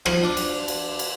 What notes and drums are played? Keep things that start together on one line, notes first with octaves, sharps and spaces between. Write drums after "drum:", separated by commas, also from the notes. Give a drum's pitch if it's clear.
F3, drum: rim click
D4
drum: cymbal
drum: cymbal
drum: cymbal